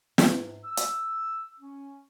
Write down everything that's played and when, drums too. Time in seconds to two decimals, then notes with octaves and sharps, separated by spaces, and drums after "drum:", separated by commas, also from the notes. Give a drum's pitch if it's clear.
0.18 G#2, drum: snare
0.65 E6
0.77 drum: hi-hat
1.60 C#4